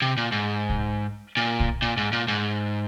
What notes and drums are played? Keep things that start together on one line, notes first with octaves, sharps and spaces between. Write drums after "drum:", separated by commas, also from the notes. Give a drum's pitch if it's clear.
C3
A#2
G#2
drum: kick B1
A#2
drum: kick B1
A#2
G#2
A#2
G#2